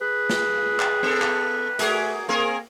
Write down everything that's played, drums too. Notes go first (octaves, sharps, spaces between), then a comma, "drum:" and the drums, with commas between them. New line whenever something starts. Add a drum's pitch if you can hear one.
G#4 B4
drum: snare
drum: clap
B3 A4
drum: clap
A3 F#4 G#4 A#4, drum: hi-hat
A#3 C4 G#4 A#4